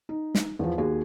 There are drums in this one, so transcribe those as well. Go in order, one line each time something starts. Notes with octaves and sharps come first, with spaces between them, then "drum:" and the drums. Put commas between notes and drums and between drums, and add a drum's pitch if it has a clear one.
D#4
drum: snare
E2 F3
D#2 F#4 G#4